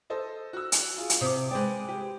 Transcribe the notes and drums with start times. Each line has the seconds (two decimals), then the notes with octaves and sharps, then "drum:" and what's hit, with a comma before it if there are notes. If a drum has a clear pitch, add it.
0.10 A4 C5 D#5
0.53 F#4 E6
0.72 drum: hi-hat
0.98 F4 G#4
1.10 drum: hi-hat
1.21 C3 D6 D#6
1.51 G#3 B4 C5 D5 G5
1.89 G4